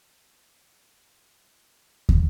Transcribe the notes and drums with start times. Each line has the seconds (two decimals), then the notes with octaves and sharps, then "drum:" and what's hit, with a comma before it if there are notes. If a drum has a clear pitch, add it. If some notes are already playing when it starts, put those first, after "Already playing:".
0.09 F3 A5
0.28 C#4
0.48 G#2
0.67 G#3
0.86 F3
1.05 C#4
1.24 G#5
2.09 drum: kick